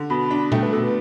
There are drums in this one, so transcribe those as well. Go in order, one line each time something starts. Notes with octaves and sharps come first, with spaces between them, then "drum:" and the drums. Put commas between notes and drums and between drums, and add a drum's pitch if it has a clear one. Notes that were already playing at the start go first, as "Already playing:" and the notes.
Already playing: D3
B2 B5
D4
A3 G5, drum: tom A#2
B4
B2 A4
B4